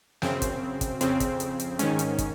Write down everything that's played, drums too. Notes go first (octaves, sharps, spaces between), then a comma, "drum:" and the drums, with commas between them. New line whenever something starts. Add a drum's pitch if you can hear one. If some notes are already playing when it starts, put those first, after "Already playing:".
F#2 C#3 C4, drum: snare
drum: kick, hi-hat
drum: kick, hi-hat
F2 C#3 C4, drum: hi-hat
drum: kick, hi-hat
drum: hi-hat
drum: hi-hat
G#2 D#3 C#4, drum: hi-hat
drum: hi-hat
drum: kick, hi-hat